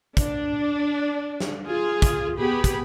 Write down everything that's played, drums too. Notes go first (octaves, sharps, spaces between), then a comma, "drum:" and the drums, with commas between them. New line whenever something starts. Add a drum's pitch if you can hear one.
D4, drum: kick, hi-hat
drum: snare
F4 G#4
drum: kick, hi-hat
B3 G4 G#4 B5
drum: kick, hi-hat